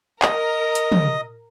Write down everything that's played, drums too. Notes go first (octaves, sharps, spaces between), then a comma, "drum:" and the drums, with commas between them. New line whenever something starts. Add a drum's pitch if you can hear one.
A#4 D#5 D#6, drum: clap
drum: hi-hat
drum: tom